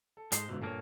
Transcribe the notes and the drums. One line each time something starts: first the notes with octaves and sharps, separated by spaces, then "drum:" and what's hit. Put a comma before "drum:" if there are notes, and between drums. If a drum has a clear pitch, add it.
A4
G#2 G#3 C5, drum: hi-hat
G1 G#2 B2 D3
G2 A#2 A#3 A4 C#5